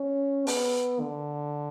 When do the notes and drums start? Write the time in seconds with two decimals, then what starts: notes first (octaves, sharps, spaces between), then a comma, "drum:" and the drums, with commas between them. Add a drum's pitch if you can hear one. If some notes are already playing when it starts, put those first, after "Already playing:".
Already playing: C#4
0.47 B3, drum: open hi-hat
1.00 D3